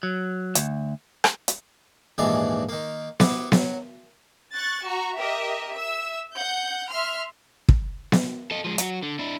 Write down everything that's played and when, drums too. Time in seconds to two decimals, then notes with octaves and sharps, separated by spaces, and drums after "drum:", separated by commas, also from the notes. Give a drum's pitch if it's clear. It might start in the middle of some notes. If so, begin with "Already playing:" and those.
0.03 F#3
0.55 D2, drum: hi-hat
1.24 drum: rim click
1.48 drum: hi-hat
2.18 A#1 D#2 G#2 E3 G#3 D5
2.69 D#3 A#3
3.20 B3 E4 G4 B4 C5, drum: snare B3
3.52 F#3, drum: snare B3
4.55 C#6 F#6 A6
4.85 F#4 A#5 C#6
5.19 G4 A#4 D#5 E5
5.72 E5 E6
6.36 F#5 G6
6.93 E5 C6 F6
7.69 drum: kick
8.12 drum: snare B3
8.51 A4 D#5
8.64 F3 G#3
8.78 F#3 F#4, drum: hi-hat
9.03 D3
9.19 D4 E4